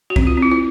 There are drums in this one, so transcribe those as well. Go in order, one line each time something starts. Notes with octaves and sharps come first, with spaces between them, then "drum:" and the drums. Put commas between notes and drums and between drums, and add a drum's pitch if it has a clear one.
F#4
C4, drum: kick
F4
C4 E4
E4